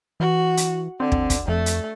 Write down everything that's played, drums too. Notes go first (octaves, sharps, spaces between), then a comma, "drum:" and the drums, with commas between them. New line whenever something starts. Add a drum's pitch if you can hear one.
E3 F#4
drum: hi-hat
D3 C4
drum: kick
drum: kick, hi-hat
F2 A3
drum: hi-hat